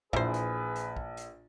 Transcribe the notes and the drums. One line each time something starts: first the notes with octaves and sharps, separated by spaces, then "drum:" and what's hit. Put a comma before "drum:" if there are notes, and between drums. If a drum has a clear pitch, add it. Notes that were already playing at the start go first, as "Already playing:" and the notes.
A#1 E3 G#4 B4 C5, drum: kick
drum: hi-hat
drum: hi-hat
drum: kick
drum: hi-hat